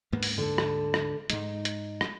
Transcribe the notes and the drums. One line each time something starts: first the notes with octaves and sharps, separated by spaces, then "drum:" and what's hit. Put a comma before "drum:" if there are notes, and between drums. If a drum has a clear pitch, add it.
D2 G#2 A#3 B3
drum: open hi-hat
D3 A4
drum: rim click
drum: rim click
G#2 G#3 D#4, drum: hi-hat
drum: hi-hat
drum: rim click